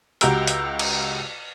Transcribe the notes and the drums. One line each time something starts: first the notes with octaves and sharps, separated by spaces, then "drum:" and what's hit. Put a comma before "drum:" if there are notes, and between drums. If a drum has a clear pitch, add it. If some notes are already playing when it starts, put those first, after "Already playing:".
C#2 F#4 G4 A#5 E6 D7, drum: hi-hat
drum: hi-hat
drum: cymbal